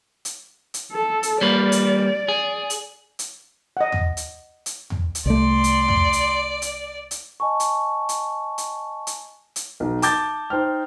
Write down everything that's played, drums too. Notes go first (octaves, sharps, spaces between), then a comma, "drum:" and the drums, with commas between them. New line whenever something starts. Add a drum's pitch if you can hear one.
drum: hi-hat
drum: hi-hat
A4
drum: hi-hat
G3 A#3 B4 D5
drum: hi-hat
G#4
drum: hi-hat
drum: hi-hat
D#5 F#5
drum: tom
drum: hi-hat
drum: hi-hat
drum: tom
drum: hi-hat
C2 A3 D5 C6
drum: hi-hat
drum: tom
drum: hi-hat
drum: hi-hat
drum: hi-hat
D#5 G#5 A5 C#6
drum: hi-hat
drum: hi-hat
drum: hi-hat
drum: hi-hat
drum: hi-hat
B1
A5 D6 G6 A6, drum: hi-hat
D#4 C5 G5 F6